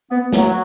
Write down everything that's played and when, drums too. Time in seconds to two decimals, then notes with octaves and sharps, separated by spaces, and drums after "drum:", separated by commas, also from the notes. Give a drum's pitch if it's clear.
0.11 B3
0.33 F#3, drum: snare